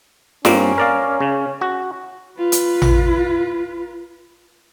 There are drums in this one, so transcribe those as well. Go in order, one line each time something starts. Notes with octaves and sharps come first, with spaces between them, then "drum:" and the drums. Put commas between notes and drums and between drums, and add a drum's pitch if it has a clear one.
G2 A#3 C4 C#4, drum: snare
A#4 D5 F5
C#3
F#4
F4 B4
drum: hi-hat
drum: tom A1